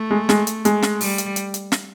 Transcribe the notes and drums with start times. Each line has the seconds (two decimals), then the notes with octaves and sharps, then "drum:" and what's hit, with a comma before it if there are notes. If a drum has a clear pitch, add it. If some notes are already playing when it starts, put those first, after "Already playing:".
Already playing: A3
0.11 G#3
0.29 G#3, drum: snare
0.47 drum: hi-hat
0.65 G#3, drum: hi-hat
0.82 drum: snare
1.01 G3, drum: open hi-hat
1.18 drum: hi-hat
1.36 drum: hi-hat
1.54 drum: hi-hat
1.72 drum: snare